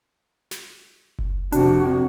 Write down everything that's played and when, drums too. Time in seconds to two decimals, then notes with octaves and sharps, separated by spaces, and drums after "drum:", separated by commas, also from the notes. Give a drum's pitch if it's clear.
0.51 drum: snare
1.19 drum: kick F#1
1.52 F2 C3 D4 F#4, drum: hi-hat